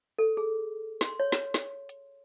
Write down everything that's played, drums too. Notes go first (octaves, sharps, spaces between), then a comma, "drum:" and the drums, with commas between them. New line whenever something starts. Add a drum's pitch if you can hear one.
A4
G#4
C6, drum: snare
C#5
drum: snare
drum: snare
drum: hi-hat